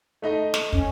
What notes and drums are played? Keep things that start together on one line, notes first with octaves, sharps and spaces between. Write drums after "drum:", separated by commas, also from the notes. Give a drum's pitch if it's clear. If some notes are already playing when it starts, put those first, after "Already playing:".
A3 D#4 D#5
drum: snare
C#4, drum: kick